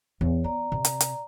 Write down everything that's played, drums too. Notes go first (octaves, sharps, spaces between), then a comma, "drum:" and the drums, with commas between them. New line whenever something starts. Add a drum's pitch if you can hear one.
E2 C#5
B3 D5 A#5
C3
drum: hi-hat
drum: hi-hat